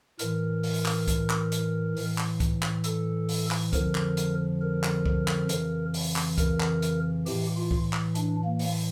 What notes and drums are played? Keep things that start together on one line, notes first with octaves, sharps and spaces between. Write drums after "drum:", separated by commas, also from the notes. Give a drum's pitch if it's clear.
A2 E3 A#4, drum: hi-hat
drum: open hi-hat
drum: clap
drum: kick C2, hi-hat
drum: clap
drum: hi-hat
A2 E3, drum: open hi-hat
drum: clap
drum: kick C2, hi-hat
drum: clap
A4, drum: hi-hat
drum: open hi-hat
drum: clap
F2 D3 F3 A#4, drum: kick C2, hi-hat
drum: clap
drum: hi-hat
A#4
drum: clap
drum: kick C2
drum: clap
F2 C#3 E3, drum: hi-hat
drum: open hi-hat
drum: clap
A#4, drum: kick C2, hi-hat
drum: clap
drum: hi-hat
A2 E3 G4, drum: open hi-hat
F4
drum: kick C2
drum: clap
D4, drum: hi-hat
A#3
drum: open hi-hat